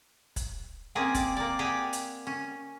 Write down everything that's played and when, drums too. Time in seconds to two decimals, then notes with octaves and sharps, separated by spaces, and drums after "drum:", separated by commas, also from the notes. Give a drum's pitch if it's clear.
0.36 drum: kick, hi-hat
0.95 A#3 C4 C#4 G#4 D5
1.14 D5, drum: kick, hi-hat
1.37 A#3 D5
1.59 G4 G#4 D5 F#5 G5
1.93 drum: hi-hat
2.27 C#4